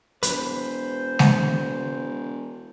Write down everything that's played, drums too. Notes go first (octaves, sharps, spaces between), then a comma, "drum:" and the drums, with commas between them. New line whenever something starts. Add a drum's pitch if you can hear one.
E1 B4 C5, drum: hi-hat
drum: snare G#3